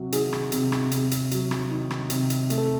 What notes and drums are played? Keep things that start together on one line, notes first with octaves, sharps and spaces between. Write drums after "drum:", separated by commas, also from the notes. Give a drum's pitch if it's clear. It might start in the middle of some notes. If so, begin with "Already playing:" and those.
Already playing: C3 F#3 F#4
D#3 G#4, drum: hi-hat
drum: rim click
C3, drum: hi-hat
drum: rim click
C3, drum: hi-hat
drum: hi-hat
F#3, drum: hi-hat
drum: rim click
D#3
drum: rim click
C3, drum: hi-hat
drum: hi-hat
A3, drum: hi-hat
A4